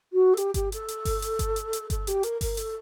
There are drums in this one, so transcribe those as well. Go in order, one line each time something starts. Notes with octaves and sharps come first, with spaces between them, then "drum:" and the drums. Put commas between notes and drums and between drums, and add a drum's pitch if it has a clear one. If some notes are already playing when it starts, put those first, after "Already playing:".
F#4
A4
G4, drum: hi-hat
G4, drum: kick G1, hi-hat
A4, drum: hi-hat
drum: hi-hat
drum: kick G1, open hi-hat
drum: hi-hat
drum: kick G1, hi-hat
drum: hi-hat
drum: hi-hat
A4, drum: kick G1, hi-hat
G4, drum: hi-hat
A#4, drum: hi-hat
A#4, drum: kick G1, open hi-hat
A4, drum: hi-hat